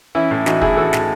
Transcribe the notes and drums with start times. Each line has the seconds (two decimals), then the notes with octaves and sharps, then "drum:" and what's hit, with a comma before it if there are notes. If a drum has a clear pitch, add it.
0.15 E3 C#4 E4
0.31 A2
0.46 E3 D#4 F#4, drum: snare
0.61 A2 E4 G#4, drum: kick
0.77 E3 F#4 A4
0.93 A2, drum: snare